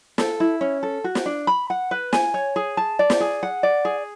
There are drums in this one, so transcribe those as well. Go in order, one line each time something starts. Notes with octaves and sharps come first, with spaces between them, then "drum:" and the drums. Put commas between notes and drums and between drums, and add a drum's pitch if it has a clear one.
A4, drum: snare
E4
C#4
A4
F#4
drum: snare
D4
B5
F#5
B4
G#5, drum: snare
C#5
G#4
A5
D5
drum: snare
G#4
F#5
D5
G#4